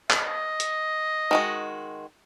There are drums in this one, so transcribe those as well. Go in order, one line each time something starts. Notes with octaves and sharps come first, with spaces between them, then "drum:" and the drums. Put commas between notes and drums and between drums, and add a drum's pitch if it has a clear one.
D#5, drum: clap
drum: hi-hat
D#3 G#3 F#4